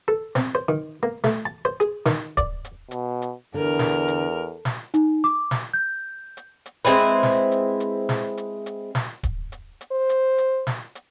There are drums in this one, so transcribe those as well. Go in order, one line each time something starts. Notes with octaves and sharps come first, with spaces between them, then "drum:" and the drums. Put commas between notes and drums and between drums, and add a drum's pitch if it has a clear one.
A4
C4, drum: snare
C5
D#3
A#3
A3, drum: snare
A5
C5
G#4, drum: hi-hat
D#3, drum: snare
D5, drum: kick D1, hi-hat
drum: hi-hat
B2, drum: hi-hat
drum: hi-hat
E2 D3 A#4 F6
drum: snare
drum: hi-hat
drum: snare
D#4, drum: hi-hat
D6
drum: snare
G6
drum: hi-hat
drum: hi-hat
G#3 C4 E4 B4
drum: snare
drum: hi-hat
drum: hi-hat
drum: snare
drum: hi-hat
drum: hi-hat
drum: snare
drum: kick D1, hi-hat
drum: hi-hat
drum: hi-hat
C5
drum: hi-hat
drum: hi-hat
drum: snare
drum: hi-hat